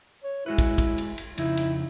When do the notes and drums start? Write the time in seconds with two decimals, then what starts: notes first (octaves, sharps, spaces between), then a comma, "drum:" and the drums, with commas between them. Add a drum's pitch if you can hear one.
0.24 C#5
0.46 G#3 E4 F#4 B4
0.58 drum: kick, cymbal
0.78 drum: kick, cymbal
0.98 drum: cymbal
1.18 drum: cymbal
1.38 F2 C#3 D#4 E4, drum: cymbal
1.57 drum: cymbal